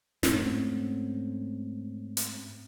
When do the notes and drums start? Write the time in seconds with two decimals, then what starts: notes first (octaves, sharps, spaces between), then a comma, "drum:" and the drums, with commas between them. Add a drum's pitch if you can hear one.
0.23 G#2 A3 C4 C#4, drum: snare
2.17 drum: hi-hat